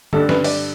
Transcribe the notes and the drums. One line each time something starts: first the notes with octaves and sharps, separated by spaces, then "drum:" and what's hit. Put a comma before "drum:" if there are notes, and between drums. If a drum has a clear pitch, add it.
G2 D3 A3 D4 A4, drum: tom D3
B4, drum: snare
D5, drum: open hi-hat